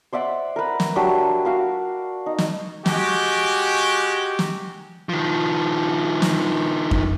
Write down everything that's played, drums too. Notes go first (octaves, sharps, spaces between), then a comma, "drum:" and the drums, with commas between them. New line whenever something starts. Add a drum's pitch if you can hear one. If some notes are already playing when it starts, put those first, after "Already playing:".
C5 D5 E5 F#5
A#4 B4
drum: snare
F#3 D4 G4 E5
F#4 F5 D6
D#4
drum: snare
G#3 F#4 G4, drum: snare
drum: snare
D#3 F3
drum: snare
drum: kick F2